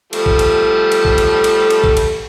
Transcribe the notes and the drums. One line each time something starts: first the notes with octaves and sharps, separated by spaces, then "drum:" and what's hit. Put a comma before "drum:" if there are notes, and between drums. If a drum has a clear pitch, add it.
F3 G3 A3, drum: cymbal
drum: kick A1
drum: cymbal
drum: cymbal
drum: kick A1
drum: cymbal
drum: cymbal
drum: cymbal
drum: kick A1
drum: cymbal